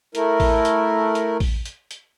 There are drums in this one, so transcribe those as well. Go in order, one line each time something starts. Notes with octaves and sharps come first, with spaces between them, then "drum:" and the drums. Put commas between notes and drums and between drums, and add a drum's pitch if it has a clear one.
A3 E4 A#4, drum: hi-hat
drum: kick A1, open hi-hat
drum: hi-hat
drum: hi-hat
drum: kick A1, open hi-hat
drum: hi-hat
drum: hi-hat